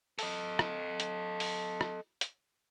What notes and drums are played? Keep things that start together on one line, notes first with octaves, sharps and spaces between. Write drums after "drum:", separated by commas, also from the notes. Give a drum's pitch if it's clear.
A4 D#5, drum: open hi-hat
drum: rim click
drum: hi-hat
drum: open hi-hat
drum: rim click
drum: hi-hat